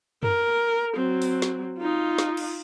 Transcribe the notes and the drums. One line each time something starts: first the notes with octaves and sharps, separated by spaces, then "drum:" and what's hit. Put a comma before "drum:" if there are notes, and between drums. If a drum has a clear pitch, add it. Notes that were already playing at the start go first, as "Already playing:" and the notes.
A#4, drum: tom F#2
F#3 C4
drum: open hi-hat
drum: snare
D#4 F4
drum: snare
drum: cymbal